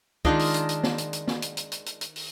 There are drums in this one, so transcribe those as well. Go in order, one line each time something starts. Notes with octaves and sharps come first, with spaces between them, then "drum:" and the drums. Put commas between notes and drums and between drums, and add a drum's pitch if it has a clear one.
D#3 G#3 D4 D#4 F4, drum: kick
drum: open hi-hat
drum: hi-hat
drum: hi-hat
drum: snare
drum: hi-hat
drum: hi-hat
drum: snare
drum: hi-hat
drum: hi-hat
drum: hi-hat
drum: hi-hat
drum: hi-hat
drum: open hi-hat